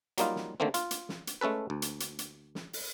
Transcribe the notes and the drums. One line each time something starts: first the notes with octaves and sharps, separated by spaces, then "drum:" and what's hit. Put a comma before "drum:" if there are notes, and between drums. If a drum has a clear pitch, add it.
F#3 G3 A#3 D#4 F4, drum: hi-hat
drum: snare
D3 D#3 A3 A#3 C4
F4, drum: hi-hat
drum: hi-hat
drum: snare
drum: hi-hat
G#3 A3 C#4 A4 B4
D2
drum: hi-hat
drum: hi-hat
drum: hi-hat
drum: snare
drum: open hi-hat